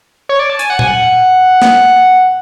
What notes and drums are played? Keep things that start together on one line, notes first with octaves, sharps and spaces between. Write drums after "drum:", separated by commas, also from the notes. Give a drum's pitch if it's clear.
C#5
D5
A5
G#5, drum: hi-hat
F#5
G#5, drum: tom A#2
F#5
drum: snare